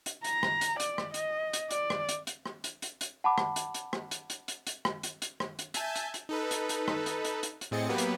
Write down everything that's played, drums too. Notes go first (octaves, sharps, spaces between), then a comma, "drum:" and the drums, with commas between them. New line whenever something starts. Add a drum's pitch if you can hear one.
drum: hi-hat
A#5, drum: hi-hat
drum: rim click
drum: hi-hat
D5, drum: hi-hat
drum: rim click
D#5, drum: hi-hat
drum: hi-hat
D5, drum: hi-hat
drum: rim click
drum: hi-hat
drum: hi-hat
drum: rim click
drum: hi-hat
drum: hi-hat
drum: hi-hat
F#5 A5 B5 D6
drum: rim click
drum: hi-hat
drum: hi-hat
drum: rim click
drum: hi-hat
drum: hi-hat
drum: hi-hat
drum: hi-hat
drum: rim click
drum: hi-hat
drum: hi-hat
drum: rim click
drum: hi-hat
E5 G#5 A5 G6, drum: hi-hat
drum: hi-hat
drum: hi-hat
D#4 A4 B4
drum: hi-hat
drum: hi-hat
drum: rim click
drum: hi-hat
drum: hi-hat
drum: hi-hat
drum: hi-hat
A2 C4 G#4 D#5 A6 C#7
F#3 A#3 B3 G4 B4
drum: hi-hat